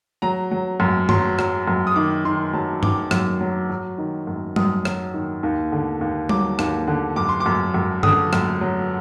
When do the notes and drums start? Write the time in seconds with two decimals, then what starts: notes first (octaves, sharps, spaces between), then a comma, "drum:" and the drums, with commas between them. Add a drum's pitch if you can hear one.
0.22 F#3 A#5
0.51 F#3
0.80 F#2
1.09 F#3 C6, drum: tom G2
1.39 F#3, drum: rim click
1.67 F#2
1.87 D#6
1.96 D#3 D6
2.25 D#3 C6
2.53 F#3 A5
2.83 D#3 D6, drum: tom G2
3.11 F#2, drum: rim click
3.41 F#3
3.69 F#3
3.98 D#3
4.27 F#2
4.56 F#2 D#6, drum: tom G3
4.85 F#3, drum: rim click
5.14 D#3
5.43 D#2
5.72 D3
6.01 D#2
6.29 F#3 D6, drum: tom G3
6.59 D#2, drum: rim click
6.87 D3
7.16 F#2 D6
7.29 C6
7.40 D6
7.46 F#2
7.74 F#2
8.03 D3 D#6, drum: tom G2
8.33 F#2, drum: rim click
8.61 F#3